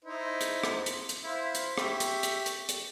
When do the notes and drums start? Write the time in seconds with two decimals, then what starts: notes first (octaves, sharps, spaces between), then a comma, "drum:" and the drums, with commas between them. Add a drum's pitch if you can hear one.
0.05 D#4 E4 C5
0.41 drum: hi-hat
0.63 drum: rim click
0.86 drum: hi-hat
1.09 drum: hi-hat
1.23 E4 C5 F5
1.55 drum: hi-hat
1.78 G4 E5 C#6, drum: rim click
2.00 drum: hi-hat
2.23 drum: hi-hat
2.46 drum: hi-hat
2.69 drum: hi-hat